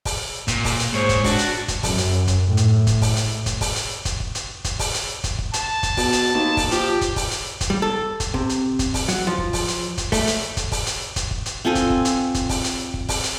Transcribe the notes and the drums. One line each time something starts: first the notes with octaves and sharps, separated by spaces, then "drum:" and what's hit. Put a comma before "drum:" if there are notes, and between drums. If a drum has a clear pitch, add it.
drum: kick, open hi-hat
A#2, drum: kick, hi-hat
drum: kick, open hi-hat
drum: hi-hat
G#2 C5 C#5
drum: kick, hi-hat
D4 F#4, drum: kick, open hi-hat
drum: hi-hat
drum: kick, hi-hat
F#2, drum: kick, open hi-hat
drum: hi-hat
drum: kick, hi-hat
A2
drum: hi-hat
drum: kick, hi-hat
drum: kick, open hi-hat
drum: hi-hat
drum: kick, hi-hat
drum: kick, open hi-hat
drum: hi-hat
drum: kick, hi-hat
drum: kick
drum: hi-hat
drum: kick, hi-hat
drum: kick, open hi-hat
drum: hi-hat
drum: kick, hi-hat
drum: kick
A5, drum: hi-hat
drum: kick, hi-hat
B2, drum: kick, open hi-hat
drum: hi-hat
D#2
drum: kick, open hi-hat
F3 G4, drum: hi-hat
drum: kick, hi-hat
drum: kick, open hi-hat
drum: hi-hat
drum: kick, hi-hat
G3
A4
drum: kick, hi-hat
C3, drum: kick
drum: hi-hat
drum: kick, hi-hat
drum: kick, open hi-hat
F#3, drum: hi-hat
F3
drum: kick
drum: kick, open hi-hat
drum: hi-hat
drum: kick, hi-hat
A3, drum: kick, open hi-hat
drum: hi-hat
drum: kick, hi-hat
drum: kick, open hi-hat
drum: hi-hat
drum: kick, hi-hat
drum: kick
drum: hi-hat
C4 F4 A4 G#5
drum: kick, hi-hat
drum: kick
drum: hi-hat
drum: kick, hi-hat
drum: kick, open hi-hat
drum: hi-hat
drum: kick
drum: kick, open hi-hat
drum: hi-hat